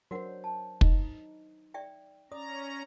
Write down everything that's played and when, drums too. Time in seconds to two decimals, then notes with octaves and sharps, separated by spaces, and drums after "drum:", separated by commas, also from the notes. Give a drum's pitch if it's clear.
0.11 F#3 D4 F#4 A#4 C5 F#5
0.44 A5
0.81 D#4, drum: kick
1.74 D5 E5 G5
2.32 C#4 D5 A#5 D#6